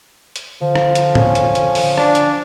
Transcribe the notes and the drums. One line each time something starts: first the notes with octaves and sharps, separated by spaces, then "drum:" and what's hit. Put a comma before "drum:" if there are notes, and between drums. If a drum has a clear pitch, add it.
drum: hi-hat
D3 F3
drum: rim click
drum: hi-hat
C#4, drum: tom A2
drum: hi-hat
drum: hi-hat
drum: open hi-hat
D4, drum: rim click
drum: hi-hat